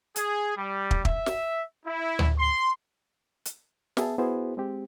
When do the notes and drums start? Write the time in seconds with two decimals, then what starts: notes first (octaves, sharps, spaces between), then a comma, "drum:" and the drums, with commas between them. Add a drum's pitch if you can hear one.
0.16 G#4, drum: hi-hat
0.56 G3
0.91 drum: kick
1.05 E5, drum: kick
1.26 drum: snare
1.86 E4
2.19 drum: tom D2
2.38 C6
3.45 drum: hi-hat
3.97 B3 G#4 E5 A5, drum: snare
4.18 B3 E4 F#4 G#4 C5
4.57 G#3 C4 G4